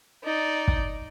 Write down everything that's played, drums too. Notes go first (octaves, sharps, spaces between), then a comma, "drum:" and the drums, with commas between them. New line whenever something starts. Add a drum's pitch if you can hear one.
D#4 D5
drum: kick